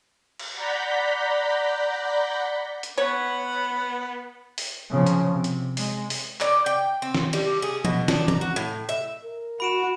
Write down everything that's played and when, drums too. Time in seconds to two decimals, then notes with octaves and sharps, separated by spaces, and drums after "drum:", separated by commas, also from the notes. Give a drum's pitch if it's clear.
0.39 drum: cymbal
0.52 D5 F#5 A#5 B5 G6 B6
2.83 drum: hi-hat
2.98 B3 C#5 F#5 B5
4.58 drum: open hi-hat
4.90 C#3 F3
5.07 drum: hi-hat
5.32 C3
5.44 drum: hi-hat
5.77 G#3, drum: open hi-hat
6.10 drum: open hi-hat
6.41 D5, drum: clap
6.66 G5
7.02 C4
7.15 drum: snare
7.33 G3, drum: cymbal
7.62 G#4
7.85 B2, drum: tom F3
8.08 D4, drum: snare
8.28 A#5, drum: tom E3
8.41 F#4
8.56 A2
8.89 E5
9.24 A#4
9.60 F#4 B5 D7 E7